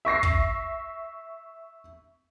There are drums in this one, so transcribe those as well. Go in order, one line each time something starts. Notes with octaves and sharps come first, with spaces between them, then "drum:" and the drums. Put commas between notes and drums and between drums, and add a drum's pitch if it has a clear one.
E5 C#6 A#6 C7
drum: kick